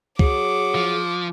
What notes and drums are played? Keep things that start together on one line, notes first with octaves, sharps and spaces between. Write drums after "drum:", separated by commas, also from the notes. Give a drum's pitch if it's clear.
F#3 G#4 D6, drum: kick
F3